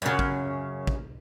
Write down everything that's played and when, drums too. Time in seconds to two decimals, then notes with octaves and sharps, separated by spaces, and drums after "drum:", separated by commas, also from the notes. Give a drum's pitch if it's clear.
0.02 F#2 C#3
0.19 drum: kick
0.87 drum: kick